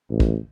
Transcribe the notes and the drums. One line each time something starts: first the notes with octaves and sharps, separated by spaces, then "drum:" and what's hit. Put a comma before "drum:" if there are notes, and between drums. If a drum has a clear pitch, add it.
A1
drum: kick